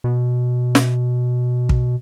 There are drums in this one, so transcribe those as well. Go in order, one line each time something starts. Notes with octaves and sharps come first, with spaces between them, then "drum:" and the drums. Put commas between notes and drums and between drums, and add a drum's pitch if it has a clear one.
B2
drum: snare
drum: kick